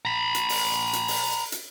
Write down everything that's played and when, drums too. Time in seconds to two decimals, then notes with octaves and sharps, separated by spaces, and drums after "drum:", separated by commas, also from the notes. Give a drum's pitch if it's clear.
0.05 A#5 B5
0.35 drum: hi-hat
0.49 drum: open hi-hat
0.93 drum: hi-hat
1.08 drum: open hi-hat
1.52 drum: hi-hat